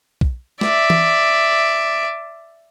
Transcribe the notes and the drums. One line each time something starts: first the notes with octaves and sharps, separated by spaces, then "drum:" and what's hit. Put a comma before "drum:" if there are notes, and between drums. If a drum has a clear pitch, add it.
drum: kick B1
D5 E5, drum: snare
drum: tom E3